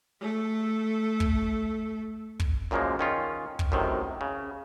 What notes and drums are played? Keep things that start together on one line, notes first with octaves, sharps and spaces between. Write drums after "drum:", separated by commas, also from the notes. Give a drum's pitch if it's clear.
A3 A4
drum: kick
drum: kick
F#2 A#2 C#3 F3 G#3 A#3
D#3 C#4 F4
drum: kick
F#2 A2 C3 D#3
C#3